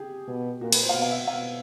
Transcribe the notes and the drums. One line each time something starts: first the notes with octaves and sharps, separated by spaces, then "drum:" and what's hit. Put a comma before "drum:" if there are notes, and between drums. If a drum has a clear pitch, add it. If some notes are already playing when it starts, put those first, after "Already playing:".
Already playing: G4 G#4
B2
A#2 F#4
B4, drum: cymbal
C5
F5
B2 F#5
F5
E5
F#5
B2 F5